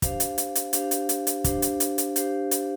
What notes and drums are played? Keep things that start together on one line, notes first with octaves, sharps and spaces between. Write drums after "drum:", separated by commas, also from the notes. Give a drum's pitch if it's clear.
D4 G4 C5 F5, drum: kick, hi-hat
drum: hi-hat
drum: hi-hat
drum: hi-hat
D4 G4 C5 F5, drum: hi-hat
drum: hi-hat
drum: hi-hat
drum: hi-hat
D4 G4 C5 F5, drum: kick, hi-hat
drum: hi-hat
drum: hi-hat
drum: hi-hat
D4 G4 C5 F5, drum: hi-hat
drum: hi-hat